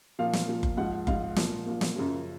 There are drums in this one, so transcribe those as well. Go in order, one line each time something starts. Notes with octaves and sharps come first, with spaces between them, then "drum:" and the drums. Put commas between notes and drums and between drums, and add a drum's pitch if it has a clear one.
A#2 F3 F5
drum: snare
A#2 F3
drum: kick F#1
G#2 F3 F#5
G#2 F3 F5, drum: kick F#1
A#2 F3, drum: snare
A#2 F3
drum: snare
F#2 C#3 F3